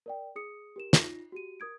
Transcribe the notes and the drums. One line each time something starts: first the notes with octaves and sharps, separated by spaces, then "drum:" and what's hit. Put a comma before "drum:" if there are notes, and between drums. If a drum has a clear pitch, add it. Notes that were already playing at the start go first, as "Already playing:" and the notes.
A#4 D5 G5
G#4 D#6 C#7
G4 A#4 E7
D#4 F4 A#6, drum: snare
F#4 G4 D#7
A#4 D#6 G#6 D7